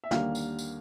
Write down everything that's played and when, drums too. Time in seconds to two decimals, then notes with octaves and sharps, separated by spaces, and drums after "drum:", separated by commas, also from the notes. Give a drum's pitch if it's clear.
0.04 E5
0.11 D#2 D3 G3 A#3 F5, drum: snare
0.35 drum: tambourine
0.59 drum: tambourine